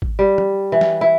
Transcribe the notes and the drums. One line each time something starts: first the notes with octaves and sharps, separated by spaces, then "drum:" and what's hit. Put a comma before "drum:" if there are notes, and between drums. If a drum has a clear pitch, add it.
drum: kick G#1
G3
drum: tom
E3
drum: snare
E4